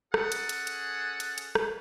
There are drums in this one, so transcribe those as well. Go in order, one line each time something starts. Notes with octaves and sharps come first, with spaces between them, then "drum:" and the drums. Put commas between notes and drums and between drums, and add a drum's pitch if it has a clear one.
C#4 G#4 A4 F#5, drum: rim click
drum: hi-hat
drum: hi-hat
drum: hi-hat
drum: hi-hat
drum: hi-hat
drum: rim click